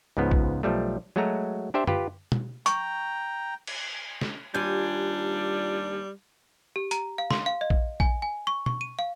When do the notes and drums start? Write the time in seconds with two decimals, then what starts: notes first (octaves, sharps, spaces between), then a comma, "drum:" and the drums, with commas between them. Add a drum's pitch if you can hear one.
0.17 C#2 G#2 F3 B3
0.31 drum: kick A#1
0.63 B1 F3 G3 A3
1.16 F#3 G#3 A3 F#4 A#5
1.74 D4 G4 C5 E5
1.87 F4 G4 B4, drum: tom F#2
2.32 drum: tom
2.66 G5 A#5 C#6, drum: hi-hat
3.67 drum: cymbal
4.21 drum: snare
4.55 D#2 G3 D4 F4 G#5 G6
6.76 G4
6.91 A#5, drum: hi-hat
7.18 F5
7.31 C6, drum: snare
7.46 F5
7.61 D#5
7.70 drum: kick A#1
8.00 G#5, drum: kick A#1
8.22 G#5
8.47 C#6
8.66 C#6, drum: tom
8.81 D#7
8.99 F5